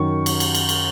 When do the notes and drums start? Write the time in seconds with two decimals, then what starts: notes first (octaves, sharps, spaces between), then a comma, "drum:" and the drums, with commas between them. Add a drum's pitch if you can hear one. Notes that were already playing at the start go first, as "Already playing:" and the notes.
Already playing: F#2 D#3 F#3 C#6
0.26 drum: cymbal
0.40 drum: cymbal
0.55 drum: cymbal
0.69 drum: cymbal